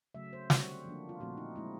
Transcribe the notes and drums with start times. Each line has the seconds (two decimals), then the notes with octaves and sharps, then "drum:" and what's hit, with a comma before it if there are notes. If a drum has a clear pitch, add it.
0.15 C#3 F#3 A3 E5
0.33 C5
0.50 D3 G3 C4 F#4, drum: snare
0.85 F3 A#3 D4
1.09 F4
1.20 A#2 F3 A3 C4 F#4
1.37 D#4
1.56 F3 G#3 C4 E4